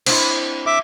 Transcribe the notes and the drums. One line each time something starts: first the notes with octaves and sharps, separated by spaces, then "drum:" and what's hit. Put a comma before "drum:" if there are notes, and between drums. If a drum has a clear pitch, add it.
C4 D4 E4, drum: cymbal
E5 D6